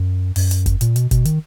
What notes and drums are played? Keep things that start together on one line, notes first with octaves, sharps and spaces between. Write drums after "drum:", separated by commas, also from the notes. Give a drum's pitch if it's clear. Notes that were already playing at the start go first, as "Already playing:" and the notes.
Already playing: F#2
F#2, drum: open hi-hat
drum: hi-hat
drum: kick F#1, hi-hat
A#2, drum: hi-hat
B2, drum: hi-hat
B2, drum: kick F#1, hi-hat
D#3, drum: hi-hat